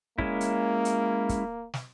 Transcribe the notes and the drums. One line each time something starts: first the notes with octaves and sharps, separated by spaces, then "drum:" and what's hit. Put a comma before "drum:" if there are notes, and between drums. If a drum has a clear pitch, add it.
G#3 A#3 C#4 E4, drum: kick
drum: hi-hat
drum: hi-hat
drum: kick, hi-hat
drum: snare